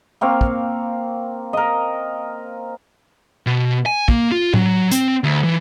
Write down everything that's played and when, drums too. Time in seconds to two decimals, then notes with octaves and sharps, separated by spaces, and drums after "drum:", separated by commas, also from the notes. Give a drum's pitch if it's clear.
0.21 A#3 C4 F5 C#6
0.41 drum: kick
1.53 A#4 D#5
3.47 B2
3.86 G#5
4.08 A#3, drum: kick
4.32 F4
4.54 F#3, drum: tom A2
4.91 C4, drum: hi-hat
5.24 D2
5.44 E3